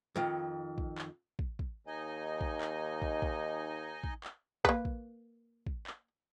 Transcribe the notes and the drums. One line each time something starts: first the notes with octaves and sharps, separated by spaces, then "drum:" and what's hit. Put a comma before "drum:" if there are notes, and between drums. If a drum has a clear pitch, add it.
F2 D#3 F5
drum: kick
drum: clap
drum: kick
drum: kick
D#2 D#4 D#5 G#5
drum: kick
drum: clap
drum: kick
drum: kick
drum: kick
drum: clap
A#3 B4, drum: kick
drum: kick
drum: kick
drum: clap